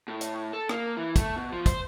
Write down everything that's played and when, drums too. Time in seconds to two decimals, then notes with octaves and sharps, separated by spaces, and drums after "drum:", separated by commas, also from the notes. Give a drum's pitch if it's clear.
0.08 A2
0.21 drum: hi-hat
0.53 A4
0.69 A#3, drum: rim click
0.97 E3
1.16 A3, drum: kick, hi-hat
1.36 B2
1.52 F3
1.66 C5, drum: kick, hi-hat